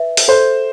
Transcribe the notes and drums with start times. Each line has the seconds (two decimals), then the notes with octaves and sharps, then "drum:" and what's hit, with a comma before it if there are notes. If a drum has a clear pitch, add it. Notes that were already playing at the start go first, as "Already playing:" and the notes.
Already playing: B4 E5
0.17 drum: open hi-hat
0.28 A4 C5